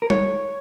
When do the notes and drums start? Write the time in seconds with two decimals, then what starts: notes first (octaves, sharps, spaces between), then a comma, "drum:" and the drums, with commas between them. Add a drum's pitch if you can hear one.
0.02 A#4
0.10 C#5, drum: tom G3